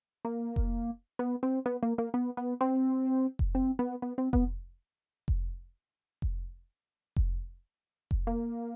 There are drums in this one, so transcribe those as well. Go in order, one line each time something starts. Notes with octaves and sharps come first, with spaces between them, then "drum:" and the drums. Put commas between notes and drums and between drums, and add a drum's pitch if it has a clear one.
A#3
drum: kick F1
B3
C4
B3
A#3
A#3
B3
B3
C4
drum: kick F1
C4
B3
B3
C4
B3, drum: kick F1
drum: kick F1
drum: kick F1
drum: kick F1
drum: kick F1
A#3